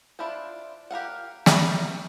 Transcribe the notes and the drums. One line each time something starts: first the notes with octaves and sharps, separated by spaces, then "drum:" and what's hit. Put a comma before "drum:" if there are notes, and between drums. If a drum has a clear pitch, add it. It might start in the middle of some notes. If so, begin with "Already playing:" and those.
D4 E4 F4 C5
G4 A#4 F5 F#5
G3 E4 B4 D5 D#5, drum: snare